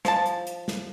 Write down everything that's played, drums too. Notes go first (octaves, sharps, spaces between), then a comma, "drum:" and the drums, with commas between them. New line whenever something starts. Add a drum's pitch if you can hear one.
F3 A5, drum: snare
drum: hi-hat
drum: hi-hat
drum: snare